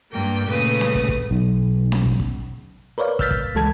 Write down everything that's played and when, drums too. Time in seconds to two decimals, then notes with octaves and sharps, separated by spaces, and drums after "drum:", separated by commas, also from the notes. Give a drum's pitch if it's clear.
0.12 G2 A#3 G5
0.47 A#2 C#3 A3 B4 D#6
0.81 drum: snare C#4
0.95 drum: kick
1.09 drum: kick
1.31 B1
1.92 drum: snare C#4
2.06 drum: kick
2.20 drum: kick
2.98 A#4 B4 C#5 D5 F5
3.19 E6 F6 G6 A6 B6, drum: kick
3.31 drum: kick
3.55 C#2 E3 G#3 A4 A5 G#6